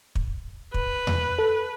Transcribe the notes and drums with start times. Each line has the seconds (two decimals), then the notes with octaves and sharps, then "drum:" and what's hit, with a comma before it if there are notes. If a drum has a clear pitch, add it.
0.15 drum: kick
0.74 B4, drum: kick
1.07 drum: tom E2
1.39 A4